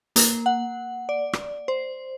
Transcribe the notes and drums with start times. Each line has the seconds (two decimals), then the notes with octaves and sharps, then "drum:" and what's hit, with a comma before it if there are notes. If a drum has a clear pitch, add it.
0.16 A#3, drum: hi-hat
0.46 F#5
1.09 D5
1.33 drum: rim click
1.68 C5